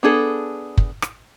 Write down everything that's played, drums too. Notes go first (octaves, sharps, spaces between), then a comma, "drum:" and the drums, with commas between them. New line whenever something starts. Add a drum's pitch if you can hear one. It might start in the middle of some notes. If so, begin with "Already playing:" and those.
B3 D4 G#4 A4
drum: kick
drum: rim click